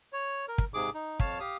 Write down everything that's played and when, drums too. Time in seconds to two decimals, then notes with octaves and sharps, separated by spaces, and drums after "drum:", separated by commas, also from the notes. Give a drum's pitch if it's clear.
0.13 C#5
0.48 A#4
0.58 drum: kick
0.74 G#2 C3 G#4 D6
0.94 D#4
1.20 F2 C#5 F5 A5, drum: kick
1.40 G4 F5 D#6